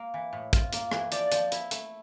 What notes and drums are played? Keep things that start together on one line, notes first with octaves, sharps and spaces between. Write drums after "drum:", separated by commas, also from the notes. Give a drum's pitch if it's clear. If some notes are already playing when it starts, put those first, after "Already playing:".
Already playing: A#3
E3
A2
F4, drum: kick, hi-hat
A#3, drum: hi-hat
E3, drum: rim click
F3 D5, drum: hi-hat
F3, drum: hi-hat
E4, drum: hi-hat
A3, drum: hi-hat